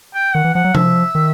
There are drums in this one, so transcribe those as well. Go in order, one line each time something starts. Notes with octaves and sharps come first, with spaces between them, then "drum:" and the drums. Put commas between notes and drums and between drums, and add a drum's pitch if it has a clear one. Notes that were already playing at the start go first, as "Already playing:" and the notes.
G5
D#3 F#5
E3
F3 F#5
F#3
F3 E5, drum: tom C3
D#3